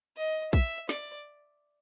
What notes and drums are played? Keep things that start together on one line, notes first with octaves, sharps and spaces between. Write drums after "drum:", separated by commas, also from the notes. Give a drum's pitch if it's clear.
D#5
E5, drum: kick
D5, drum: snare